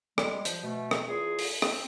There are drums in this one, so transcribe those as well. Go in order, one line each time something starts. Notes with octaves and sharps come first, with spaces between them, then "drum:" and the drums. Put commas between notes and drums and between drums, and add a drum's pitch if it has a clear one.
G3 G#3, drum: rim click
F3, drum: hi-hat
B2 A3
drum: rim click
E2 F4 G#4
drum: open hi-hat
C4, drum: rim click